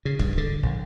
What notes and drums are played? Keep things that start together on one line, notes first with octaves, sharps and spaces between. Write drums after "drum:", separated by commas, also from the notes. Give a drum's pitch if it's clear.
C#3
G2, drum: kick
D3
A#1